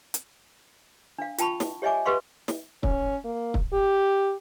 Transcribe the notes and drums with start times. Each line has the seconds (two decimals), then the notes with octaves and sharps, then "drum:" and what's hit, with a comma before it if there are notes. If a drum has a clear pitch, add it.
0.14 drum: hi-hat
1.19 D4 F5
1.38 F4 G5 A5 B5 C#6, drum: hi-hat
1.60 drum: snare
1.82 G4 C#5 D#5 E5 G#5 D6
2.05 G4 B4 D#5 F5 C6 C#6
2.48 drum: snare
2.83 C#4, drum: kick
3.25 A#3
3.54 drum: kick
3.73 G4